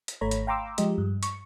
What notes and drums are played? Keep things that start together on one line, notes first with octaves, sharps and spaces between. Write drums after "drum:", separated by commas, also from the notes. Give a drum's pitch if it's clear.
drum: hi-hat
G#1 A3 C#5 A#5 B5
drum: hi-hat
F5 G5 A#5 C6 D6 E6
F3 G#3 G4 D#5, drum: hi-hat
G2
C#6, drum: hi-hat